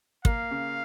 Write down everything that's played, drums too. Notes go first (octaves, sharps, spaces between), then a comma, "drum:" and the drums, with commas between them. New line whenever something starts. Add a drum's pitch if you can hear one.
A#3 F5, drum: kick
C#3